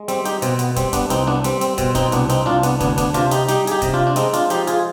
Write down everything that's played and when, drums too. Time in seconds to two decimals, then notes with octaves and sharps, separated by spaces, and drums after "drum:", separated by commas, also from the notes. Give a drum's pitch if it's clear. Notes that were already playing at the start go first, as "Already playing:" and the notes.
Already playing: G#3
0.08 G3 C4, drum: hi-hat
0.25 D#4 G4, drum: hi-hat
0.42 B2 C4, drum: hi-hat
0.59 B3, drum: hi-hat
0.76 G3 C4, drum: kick, hi-hat
0.93 B3 D4, drum: kick, hi-hat
1.10 C2 C4 D#4, drum: hi-hat
1.27 B3 D4
1.44 G3 C4, drum: hi-hat
1.61 C4, drum: hi-hat
1.78 B2 C4, drum: kick, hi-hat
1.95 C4 D#4, drum: kick, hi-hat
2.12 C2 B3 D4, drum: hi-hat
2.29 C4 D#4, drum: hi-hat
2.46 C2 D4 F4
2.63 B3 D4, drum: hi-hat
2.80 D2 B3 D4, drum: kick, hi-hat
2.98 B3 D4, drum: kick, hi-hat
3.14 C3 D4 F4, drum: hi-hat
3.31 D#4 G4, drum: hi-hat
3.48 G3 D#4 G4, drum: hi-hat
3.67 G#4, drum: hi-hat
3.71 D#4 G4
3.82 C3, drum: kick, hi-hat
3.94 D4 F4
4.07 D4
4.16 G#3 C4 D#4, drum: hi-hat
4.33 D4 F4, drum: hi-hat
4.50 F3 D#4 G4, drum: hi-hat
4.67 F4 G#4, drum: hi-hat